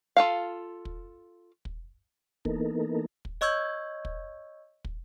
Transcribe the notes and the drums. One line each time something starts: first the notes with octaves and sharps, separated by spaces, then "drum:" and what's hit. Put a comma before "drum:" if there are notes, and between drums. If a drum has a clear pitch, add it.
F4 A4 F5
drum: kick
drum: kick
E3 A#3 B3 D#4 A4 A#4, drum: kick
drum: kick
C#5 D#5 C#6 E6 G6 G#6
drum: kick
drum: kick